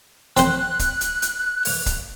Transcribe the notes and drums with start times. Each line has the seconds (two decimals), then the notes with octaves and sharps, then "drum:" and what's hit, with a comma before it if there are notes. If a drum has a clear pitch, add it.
0.37 C4 C5 F#6, drum: hi-hat
0.79 drum: kick C#1, hi-hat
1.01 drum: hi-hat
1.22 drum: hi-hat
1.65 drum: open hi-hat
1.86 drum: kick C#1, hi-hat